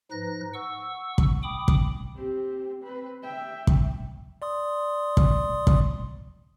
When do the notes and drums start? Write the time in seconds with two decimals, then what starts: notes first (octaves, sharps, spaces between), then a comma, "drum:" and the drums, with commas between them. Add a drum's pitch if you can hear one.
0.11 G#2 F3 D#4 B4 F#6 A#6
0.54 F#5 C#6 E6
1.18 drum: kick
1.43 G5 B5 D6 D#6
1.68 drum: kick
2.15 C4 G4
2.83 C4 B4
3.23 E5 G5
3.67 drum: kick
4.42 D5 C6 D#6
5.17 drum: kick
5.67 drum: kick